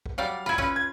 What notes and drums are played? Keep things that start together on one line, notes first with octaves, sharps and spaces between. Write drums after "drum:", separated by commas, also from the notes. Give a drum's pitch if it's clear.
drum: kick
F#3 G3 D5 F5
E4 F4 B5 G#6
C#4 F4 B4, drum: kick
G#6